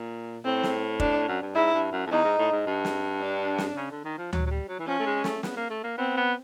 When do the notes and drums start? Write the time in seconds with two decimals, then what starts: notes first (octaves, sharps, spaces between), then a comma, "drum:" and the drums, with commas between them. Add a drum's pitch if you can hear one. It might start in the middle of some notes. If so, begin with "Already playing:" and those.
Already playing: A#2
0.45 A2 C4
0.63 drum: snare
1.00 D4, drum: kick
1.28 F#2
1.42 G2
1.55 G#2 E4
1.74 G2
1.92 F#2
2.06 F2
2.11 E2 D#4
2.24 G#2
2.38 A2
2.52 G#2
2.66 G2
2.85 drum: snare
3.21 D4
3.58 drum: snare
3.76 C#3
3.91 D3
4.05 D#3
4.18 F3
4.33 F#3, drum: tom D2
4.46 F#3
4.51 G3
4.68 F#3
4.79 E3
4.87 F3 C#4
4.99 A3
5.06 G#3
5.24 A3, drum: snare
5.43 B3, drum: snare
5.56 A#3
5.70 A3
5.84 A#3
5.97 B3 C4
6.17 B3